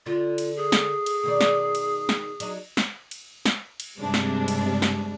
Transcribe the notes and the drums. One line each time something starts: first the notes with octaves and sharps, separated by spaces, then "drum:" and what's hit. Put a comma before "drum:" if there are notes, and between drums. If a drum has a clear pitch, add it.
D3 F4
drum: cymbal
G#4
drum: snare
drum: cymbal
B2 D#3 D5
drum: snare
drum: cymbal
drum: snare
F#3 D4 D#4, drum: cymbal
drum: snare
drum: cymbal
drum: snare
drum: cymbal
G2 C3 G3 G#3 D4
drum: snare
drum: cymbal
drum: snare